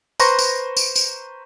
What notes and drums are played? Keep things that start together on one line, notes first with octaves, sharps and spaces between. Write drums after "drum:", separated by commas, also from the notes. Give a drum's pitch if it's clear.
B4 C5 A#5 C6 C#6 A#6, drum: tambourine
drum: tambourine
drum: tambourine
drum: tambourine